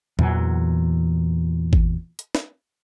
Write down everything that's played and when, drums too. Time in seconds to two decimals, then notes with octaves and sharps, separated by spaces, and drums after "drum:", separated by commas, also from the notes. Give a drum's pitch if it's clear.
0.19 E2 A#2 E3 F#3, drum: tom E3
1.73 drum: kick G#1
2.19 drum: hi-hat
2.35 drum: snare